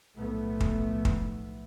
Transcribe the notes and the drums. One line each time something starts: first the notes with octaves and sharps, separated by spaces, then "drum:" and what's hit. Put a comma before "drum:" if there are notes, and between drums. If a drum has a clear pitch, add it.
B1 A2 F3 A3 B3
drum: kick
drum: kick